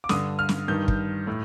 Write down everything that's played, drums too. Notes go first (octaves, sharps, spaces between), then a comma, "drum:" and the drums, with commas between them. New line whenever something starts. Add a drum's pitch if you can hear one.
D6
G2 D3 D#6, drum: snare
F6
drum: snare
G2 D#3 G6
drum: kick
A2